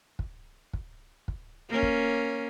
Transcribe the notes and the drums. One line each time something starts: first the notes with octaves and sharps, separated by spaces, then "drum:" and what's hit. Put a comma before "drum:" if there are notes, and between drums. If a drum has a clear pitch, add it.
drum: kick
drum: kick
drum: kick
A#3 C#4
drum: kick